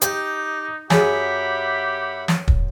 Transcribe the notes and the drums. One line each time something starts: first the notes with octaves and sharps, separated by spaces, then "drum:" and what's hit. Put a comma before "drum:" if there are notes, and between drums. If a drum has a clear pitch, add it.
D#4 G4, drum: hi-hat
F#2 G4 G#4 E5 F#5 G#5 B5, drum: snare
drum: snare
drum: kick